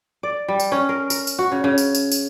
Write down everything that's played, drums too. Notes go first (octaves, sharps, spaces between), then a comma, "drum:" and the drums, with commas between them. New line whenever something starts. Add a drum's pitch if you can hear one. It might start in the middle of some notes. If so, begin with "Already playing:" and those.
D5
G3
drum: tambourine
C#4
A#4
A#4, drum: tambourine
drum: tambourine
F#4
C#3
C#3
drum: tambourine
drum: tambourine
drum: tambourine